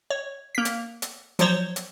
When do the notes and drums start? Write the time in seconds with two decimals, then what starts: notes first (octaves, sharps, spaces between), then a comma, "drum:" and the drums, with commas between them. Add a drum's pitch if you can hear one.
0.10 C#5
0.55 A#3 B6
0.65 drum: hi-hat
1.02 drum: hi-hat
1.39 F3 F#3 C5 C#5, drum: hi-hat
1.76 drum: hi-hat